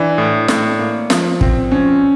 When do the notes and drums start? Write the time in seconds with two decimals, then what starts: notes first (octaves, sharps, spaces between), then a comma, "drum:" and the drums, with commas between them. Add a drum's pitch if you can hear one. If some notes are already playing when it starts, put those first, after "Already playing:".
Already playing: E3 D4
0.18 A2
0.48 A2, drum: snare
0.79 A#3
1.10 F3, drum: snare
1.41 C4, drum: kick
1.72 F3 C#4